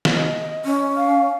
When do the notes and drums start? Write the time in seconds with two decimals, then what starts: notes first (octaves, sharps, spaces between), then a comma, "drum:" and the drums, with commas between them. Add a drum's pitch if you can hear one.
0.05 drum: snare
0.16 D#5
0.65 C#4
0.97 F5